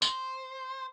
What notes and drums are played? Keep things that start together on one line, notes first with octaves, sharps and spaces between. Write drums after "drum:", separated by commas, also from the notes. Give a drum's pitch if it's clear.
C5, drum: tambourine